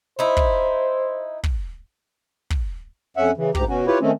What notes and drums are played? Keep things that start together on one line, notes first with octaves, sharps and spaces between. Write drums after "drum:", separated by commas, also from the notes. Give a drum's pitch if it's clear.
D#4 E4 C5
drum: kick
drum: kick
drum: kick
F2 C#4 E5 F#5
C#3 E3
D2 G#2 G4 A#5, drum: kick
B2 C#4 F#4
E4 F4 G4 B4 C#5
D#3 A3 C4 C#4